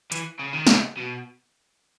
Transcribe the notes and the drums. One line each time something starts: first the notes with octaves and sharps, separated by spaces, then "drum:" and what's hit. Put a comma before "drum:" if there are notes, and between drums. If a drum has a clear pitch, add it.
E3, drum: hi-hat
C#3
D#3
C#3, drum: snare
B2